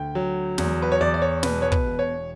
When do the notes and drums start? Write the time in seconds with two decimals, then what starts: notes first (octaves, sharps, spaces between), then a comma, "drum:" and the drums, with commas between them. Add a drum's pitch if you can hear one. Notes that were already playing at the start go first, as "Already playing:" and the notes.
Already playing: D2 G5
0.15 F#3
0.58 E2, drum: snare
0.82 B4
0.92 C#5
1.00 E2 D5
1.14 D5
1.22 C#5
1.43 B2 B4, drum: snare
1.62 C#5
1.72 B4, drum: kick
1.86 E1
1.99 C#5